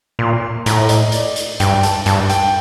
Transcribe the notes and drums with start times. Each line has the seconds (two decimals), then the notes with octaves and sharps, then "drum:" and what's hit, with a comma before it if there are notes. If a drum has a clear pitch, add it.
0.19 A#2 C6
0.66 A2 A#5, drum: hi-hat
0.89 D#5, drum: hi-hat
1.12 D5, drum: hi-hat
1.36 drum: hi-hat
1.60 G2 G5, drum: hi-hat
1.83 A5, drum: hi-hat
2.06 G2 A5, drum: hi-hat
2.30 G5, drum: hi-hat